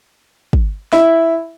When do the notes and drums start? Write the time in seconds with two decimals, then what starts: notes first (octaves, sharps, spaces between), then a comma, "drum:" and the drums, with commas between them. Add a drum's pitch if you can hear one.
0.53 drum: kick
0.93 E4, drum: snare